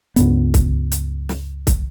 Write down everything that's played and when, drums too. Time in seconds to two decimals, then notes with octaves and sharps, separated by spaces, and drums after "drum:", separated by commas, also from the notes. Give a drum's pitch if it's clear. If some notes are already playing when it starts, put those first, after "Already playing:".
0.16 C#2 G2 B3, drum: hi-hat
0.54 drum: kick C2, hi-hat
0.92 drum: hi-hat
1.29 drum: snare
1.67 drum: kick C2, hi-hat